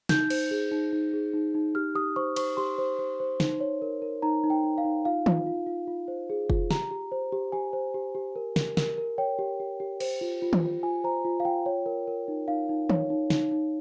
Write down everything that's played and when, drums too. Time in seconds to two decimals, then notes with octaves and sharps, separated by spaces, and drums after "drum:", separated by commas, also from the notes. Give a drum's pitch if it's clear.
0.09 D#4 G6, drum: snare
0.30 C5, drum: cymbal
0.51 G#4
0.72 D#4
0.93 D#4
1.13 G#4
1.33 D#4
1.54 D#4
1.75 G4 F6
1.95 G4 D#6
2.16 C5 C#6
2.36 C5 C#6, drum: cymbal
2.57 G4 C6
2.78 C5
2.99 C5
3.20 C5
3.40 D#4, drum: snare
3.60 C#5
3.82 A#4
4.02 A#4
4.22 D#4 A#5
4.44 D#4
4.50 G5
4.64 D#4
4.78 F5
4.85 D#4
5.05 F4 F5
5.26 F4, drum: tom
5.46 F4
5.67 F4
5.88 F4
6.08 C5
6.30 G#4
6.50 F4, drum: kick
6.71 G4 A#5, drum: snare
6.91 G4
7.12 C5
7.32 G4
7.52 G4 G#5
7.73 C5
7.94 G4
8.15 G4
8.36 A#4
8.56 A#4, drum: snare
8.77 A#4, drum: snare
8.98 A#4
9.18 C#5 G5
9.39 G4
9.60 G4
9.80 G4
10.00 C5, drum: cymbal
10.21 F4
10.42 F4
10.53 drum: tom
10.63 F4
10.83 F4 G#5
11.04 C5 A#5
11.25 F4
11.40 F5
11.45 F4 G5
11.66 C#5
11.86 A#4
12.08 A#4
12.28 D#4
12.48 D#4 F5
12.69 D#4
12.90 C#5, drum: tom
13.10 D#4
13.30 D#4, drum: snare
13.52 D#4